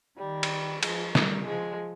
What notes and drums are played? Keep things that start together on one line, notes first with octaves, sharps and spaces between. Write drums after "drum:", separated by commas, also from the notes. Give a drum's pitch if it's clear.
D#3 G3
drum: cymbal
F3 G#3, drum: cymbal
G3 A#3, drum: snare
F3 G#3